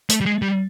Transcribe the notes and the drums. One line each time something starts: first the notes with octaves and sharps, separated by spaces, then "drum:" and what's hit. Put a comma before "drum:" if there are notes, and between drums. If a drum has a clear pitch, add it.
A3, drum: hi-hat
G3
G#3
G3